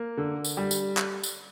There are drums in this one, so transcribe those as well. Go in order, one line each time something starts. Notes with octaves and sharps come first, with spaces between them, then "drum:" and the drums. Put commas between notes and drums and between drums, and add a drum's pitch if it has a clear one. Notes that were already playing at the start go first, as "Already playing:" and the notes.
Already playing: A#3
D3
drum: tambourine
G3
drum: tambourine
drum: clap
drum: tambourine